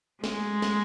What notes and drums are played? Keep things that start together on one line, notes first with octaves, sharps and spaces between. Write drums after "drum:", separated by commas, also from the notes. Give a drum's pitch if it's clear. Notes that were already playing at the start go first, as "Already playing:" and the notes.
G#3, drum: snare
drum: snare